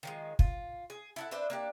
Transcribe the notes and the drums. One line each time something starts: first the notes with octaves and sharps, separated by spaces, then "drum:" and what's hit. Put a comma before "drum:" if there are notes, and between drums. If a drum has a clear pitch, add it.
D#3 F3 G#3
F4, drum: kick
G#4
E4 A4 F#5
D4 B4 C5 E5
A#3 D4 G4